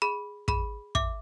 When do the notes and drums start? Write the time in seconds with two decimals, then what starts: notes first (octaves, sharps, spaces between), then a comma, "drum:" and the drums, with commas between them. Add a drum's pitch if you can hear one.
0.02 G#4 B5
0.48 G#4 B5, drum: kick
0.95 E5 D6, drum: kick